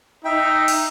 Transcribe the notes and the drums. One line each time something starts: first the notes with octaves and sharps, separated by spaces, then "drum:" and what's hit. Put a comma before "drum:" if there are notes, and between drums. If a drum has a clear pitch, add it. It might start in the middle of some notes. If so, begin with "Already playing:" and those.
D#4 E5 G5
drum: cymbal